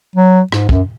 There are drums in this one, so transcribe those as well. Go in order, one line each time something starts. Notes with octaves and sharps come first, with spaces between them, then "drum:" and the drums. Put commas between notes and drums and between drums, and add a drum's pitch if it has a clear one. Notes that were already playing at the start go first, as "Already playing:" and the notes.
F#3
G#2, drum: rim click
F#2, drum: kick